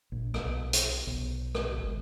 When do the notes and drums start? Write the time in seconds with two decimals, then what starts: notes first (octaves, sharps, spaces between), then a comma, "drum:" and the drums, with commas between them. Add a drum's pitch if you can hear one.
0.12 A#1
0.34 B1, drum: rim click
0.73 drum: hi-hat
1.07 B1
1.55 drum: rim click
1.78 G#1